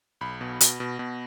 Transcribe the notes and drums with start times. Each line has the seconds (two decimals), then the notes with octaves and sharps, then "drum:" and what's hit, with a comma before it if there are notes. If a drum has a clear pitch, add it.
0.21 B1 B5
0.41 B2
0.61 B2, drum: hi-hat
0.80 B2
0.99 B2